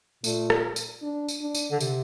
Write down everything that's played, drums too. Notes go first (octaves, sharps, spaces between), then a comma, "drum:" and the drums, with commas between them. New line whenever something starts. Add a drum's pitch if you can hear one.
A#2 A3, drum: tambourine
drum: rim click
drum: tambourine
D4
drum: tambourine
D4
drum: tambourine
D3
C3, drum: tambourine